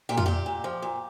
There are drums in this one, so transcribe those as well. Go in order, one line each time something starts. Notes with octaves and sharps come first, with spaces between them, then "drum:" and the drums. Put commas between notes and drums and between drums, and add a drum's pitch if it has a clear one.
A#2 G4
F4, drum: tom F2
A#2 G4
A#2
F3
A#2